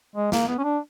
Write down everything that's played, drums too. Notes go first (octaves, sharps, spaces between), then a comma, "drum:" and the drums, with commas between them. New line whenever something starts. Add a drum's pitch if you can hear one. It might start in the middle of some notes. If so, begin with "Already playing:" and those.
G#3
A#3, drum: snare
B3
C#4
D4